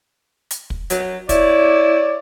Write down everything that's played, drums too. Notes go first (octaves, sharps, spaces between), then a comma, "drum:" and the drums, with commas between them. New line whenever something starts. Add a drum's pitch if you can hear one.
drum: hi-hat
drum: kick
F#3, drum: hi-hat
E4 C#5 D5, drum: kick, hi-hat